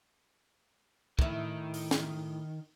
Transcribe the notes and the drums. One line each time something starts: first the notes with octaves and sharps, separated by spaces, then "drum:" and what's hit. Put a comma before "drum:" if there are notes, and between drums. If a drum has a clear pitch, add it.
A2 D#3 E4, drum: kick
drum: open hi-hat
drum: snare